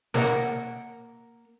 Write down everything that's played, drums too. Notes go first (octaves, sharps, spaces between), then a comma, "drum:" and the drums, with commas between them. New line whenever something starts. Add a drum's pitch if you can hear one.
A#3 A#4 C#5 F#5, drum: snare